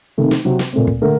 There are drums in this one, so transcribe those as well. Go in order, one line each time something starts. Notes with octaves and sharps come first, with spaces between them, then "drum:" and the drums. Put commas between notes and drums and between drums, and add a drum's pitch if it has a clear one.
C3 D#3 A3
drum: snare
C3 F#3 C4
drum: snare
A#2 A3 C4
drum: kick
D3 A3 A#4